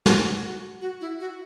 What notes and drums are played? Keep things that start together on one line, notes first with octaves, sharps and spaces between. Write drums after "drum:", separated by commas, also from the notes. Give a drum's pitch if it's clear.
F#4, drum: snare
F#4
F#4
E4
F#4